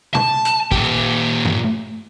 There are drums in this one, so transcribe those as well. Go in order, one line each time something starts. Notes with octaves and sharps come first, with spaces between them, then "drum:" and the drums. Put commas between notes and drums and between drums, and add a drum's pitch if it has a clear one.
A5, drum: tom
drum: hi-hat
A#2 G4, drum: kick
drum: tom G2